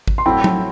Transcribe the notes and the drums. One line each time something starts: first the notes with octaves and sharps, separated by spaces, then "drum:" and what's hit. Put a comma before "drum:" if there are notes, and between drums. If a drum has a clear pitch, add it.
drum: kick G#1
C6
A2 F#3 C4 E4 A4 G5 B5
drum: tom F#3